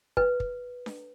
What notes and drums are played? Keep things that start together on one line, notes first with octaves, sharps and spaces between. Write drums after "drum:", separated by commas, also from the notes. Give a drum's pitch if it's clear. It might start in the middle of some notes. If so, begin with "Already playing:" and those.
B4, drum: kick
drum: kick
drum: snare D4